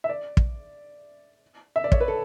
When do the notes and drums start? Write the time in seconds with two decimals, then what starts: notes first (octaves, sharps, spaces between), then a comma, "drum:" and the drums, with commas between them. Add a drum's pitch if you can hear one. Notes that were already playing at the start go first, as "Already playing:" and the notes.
0.04 E5
0.09 D5
0.37 drum: kick
1.76 E5
1.84 D5
1.92 C#5, drum: kick
2.01 B4
2.08 A4